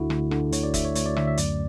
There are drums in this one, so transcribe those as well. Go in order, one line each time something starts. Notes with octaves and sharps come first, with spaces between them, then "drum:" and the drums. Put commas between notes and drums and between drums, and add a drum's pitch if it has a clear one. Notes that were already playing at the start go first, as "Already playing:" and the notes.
Already playing: D2 D3 E4 F#4
D2, drum: rim click
D3, drum: rim click
D2 C#5, drum: hi-hat
D5
D2 E5, drum: kick F#1, hi-hat
C#5
D2 C#5, drum: hi-hat
D5
D2 E5, drum: rim click
E5
F#2 D5, drum: hi-hat